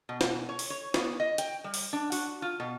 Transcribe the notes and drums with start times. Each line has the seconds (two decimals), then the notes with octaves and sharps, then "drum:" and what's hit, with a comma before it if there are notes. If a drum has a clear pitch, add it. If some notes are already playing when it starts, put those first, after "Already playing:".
0.09 B2
0.21 drum: snare
0.49 C#5
0.59 drum: open hi-hat
0.70 C#5
0.94 B3, drum: snare
1.20 D#5
1.38 G5, drum: hi-hat
1.64 G3
1.74 drum: open hi-hat
1.93 D4
2.12 F#4, drum: open hi-hat
2.42 F4
2.60 B2